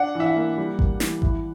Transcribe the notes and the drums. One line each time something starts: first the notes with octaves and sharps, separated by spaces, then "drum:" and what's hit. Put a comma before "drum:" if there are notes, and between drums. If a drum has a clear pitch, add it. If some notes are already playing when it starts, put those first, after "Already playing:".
Already playing: D4 F#5
E3 E5
F#5
A#3
G3
A#3, drum: kick G#1
E3, drum: snare
E4, drum: kick G#1